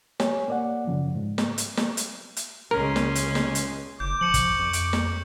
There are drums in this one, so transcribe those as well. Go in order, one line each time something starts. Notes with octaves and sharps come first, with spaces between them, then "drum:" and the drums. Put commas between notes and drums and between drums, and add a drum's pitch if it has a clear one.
G4 C#5 G#5, drum: snare
A#3 D5 F#5
F#2 C#3 F3
G#2
drum: snare
drum: hi-hat
drum: snare
drum: hi-hat
drum: hi-hat
C#2 C#3 G#3 C#4 A#4 C6
drum: snare
drum: hi-hat
drum: snare
drum: hi-hat
F#1 D6 G6
F3 C#6 C#7 F#7
drum: kick, hi-hat
F2
drum: hi-hat
drum: snare